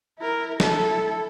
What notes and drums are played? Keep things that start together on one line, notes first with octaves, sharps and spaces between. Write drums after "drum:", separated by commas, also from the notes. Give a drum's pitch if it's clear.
E4 A#4
E4 A4, drum: snare